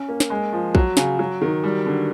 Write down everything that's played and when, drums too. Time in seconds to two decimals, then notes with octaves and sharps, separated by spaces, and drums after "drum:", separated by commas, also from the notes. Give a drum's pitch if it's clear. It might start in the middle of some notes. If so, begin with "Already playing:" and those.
Already playing: C#4
0.09 A#3
0.20 drum: snare
0.30 G#3
0.53 F3
0.75 F#3, drum: kick A#1
0.97 C#3, drum: snare
1.19 F#3
1.42 D#3
1.64 G3
1.86 D3